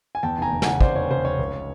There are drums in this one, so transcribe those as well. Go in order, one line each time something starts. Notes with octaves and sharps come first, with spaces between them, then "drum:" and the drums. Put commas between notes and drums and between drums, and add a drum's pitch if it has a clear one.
G#5
E2 G5 A5
F1 G#5 A#5
E2
C#3 F#5 G#5, drum: snare
F1 C5 D5, drum: kick
F1 C#5
C#3 C5
F1 C#5
C#2